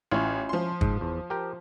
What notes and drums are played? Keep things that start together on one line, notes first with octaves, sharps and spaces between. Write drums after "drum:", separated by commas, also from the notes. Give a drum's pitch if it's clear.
A1 C#4 E4 F4
F3 C6
G#2, drum: kick
E2
G4 A#4 G5